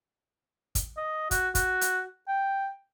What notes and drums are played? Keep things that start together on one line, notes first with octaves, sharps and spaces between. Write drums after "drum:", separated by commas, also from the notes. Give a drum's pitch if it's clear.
drum: kick, hi-hat
D#5
F#4, drum: kick, hi-hat
F#4, drum: kick, hi-hat
drum: hi-hat
G5